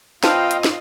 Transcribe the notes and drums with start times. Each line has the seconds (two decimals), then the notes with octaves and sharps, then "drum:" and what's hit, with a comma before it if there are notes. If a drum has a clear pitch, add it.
0.24 C4 F4 B4 D#5 F5 G5 A5, drum: snare
0.51 drum: hi-hat
0.64 drum: snare